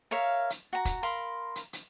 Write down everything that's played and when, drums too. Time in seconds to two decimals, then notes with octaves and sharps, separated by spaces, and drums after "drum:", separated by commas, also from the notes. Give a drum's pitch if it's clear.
0.11 A#4 C#5 E5 F5
0.50 drum: hi-hat
0.73 F#4 A#5
0.85 drum: kick E1, hi-hat
1.03 A#4 F5 B5 C6
1.56 drum: hi-hat
1.73 drum: hi-hat